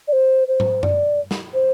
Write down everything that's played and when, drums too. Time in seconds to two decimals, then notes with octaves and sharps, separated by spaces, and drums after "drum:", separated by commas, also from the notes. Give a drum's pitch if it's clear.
0.08 D5
0.13 C5
0.48 C5
0.60 drum: tom G#2
0.83 D5, drum: tom F#2
1.31 drum: snare
1.54 C5